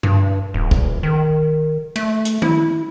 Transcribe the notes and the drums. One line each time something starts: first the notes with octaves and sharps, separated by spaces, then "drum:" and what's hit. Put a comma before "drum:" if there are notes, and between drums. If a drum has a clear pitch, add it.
G2, drum: tom G2
D#1
drum: kick
D#3
A3, drum: cymbal
drum: hi-hat
E4, drum: tom D#3